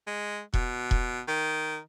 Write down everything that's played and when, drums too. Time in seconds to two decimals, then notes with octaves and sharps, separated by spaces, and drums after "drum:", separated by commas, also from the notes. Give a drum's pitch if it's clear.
0.07 G#3
0.54 B2, drum: kick E1
0.91 drum: kick E1
1.28 D#3